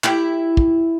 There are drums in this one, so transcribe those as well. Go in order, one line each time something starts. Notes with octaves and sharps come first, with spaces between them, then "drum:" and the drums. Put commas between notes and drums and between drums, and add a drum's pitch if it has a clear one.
E4 G4, drum: clap
drum: kick